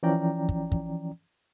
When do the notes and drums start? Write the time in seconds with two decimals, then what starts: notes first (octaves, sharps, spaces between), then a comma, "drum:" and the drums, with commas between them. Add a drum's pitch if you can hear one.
0.03 E3 F3 C#4 D5 G5 A#5
0.49 drum: kick
0.72 drum: kick